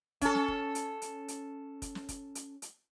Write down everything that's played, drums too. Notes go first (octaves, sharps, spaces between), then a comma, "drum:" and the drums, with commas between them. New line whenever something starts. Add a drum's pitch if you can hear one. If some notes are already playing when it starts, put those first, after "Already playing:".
C#4 A4, drum: kick, hi-hat
drum: snare
drum: kick
drum: hi-hat
drum: hi-hat
drum: hi-hat
drum: kick, hi-hat
drum: snare
drum: kick, hi-hat
drum: hi-hat
drum: hi-hat